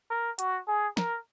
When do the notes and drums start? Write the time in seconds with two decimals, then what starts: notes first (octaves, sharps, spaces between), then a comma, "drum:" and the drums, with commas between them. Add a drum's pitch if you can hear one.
0.11 A#4
0.39 F#4, drum: hi-hat
0.68 G#4
0.97 A#4, drum: snare